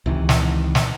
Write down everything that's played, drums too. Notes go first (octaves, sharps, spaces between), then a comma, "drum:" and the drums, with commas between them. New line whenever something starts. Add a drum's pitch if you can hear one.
C#2 C3 D#3 E3
drum: snare
drum: snare